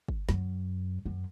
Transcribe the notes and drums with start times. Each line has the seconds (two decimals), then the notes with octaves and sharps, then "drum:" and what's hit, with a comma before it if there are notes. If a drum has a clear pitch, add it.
0.08 drum: kick
0.29 F#2, drum: snare
1.05 F#2